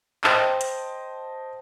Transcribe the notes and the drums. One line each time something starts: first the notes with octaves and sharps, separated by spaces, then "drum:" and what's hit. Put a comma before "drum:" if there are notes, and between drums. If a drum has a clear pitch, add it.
C5 D#5 G5 A5, drum: clap
drum: hi-hat